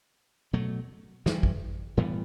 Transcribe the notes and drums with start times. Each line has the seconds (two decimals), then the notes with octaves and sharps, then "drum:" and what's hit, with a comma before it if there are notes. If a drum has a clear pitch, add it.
0.53 B2 F#3 A3
1.26 G2 E3 G3, drum: snare
1.43 drum: kick G#1
1.97 A2 E3 G3 B3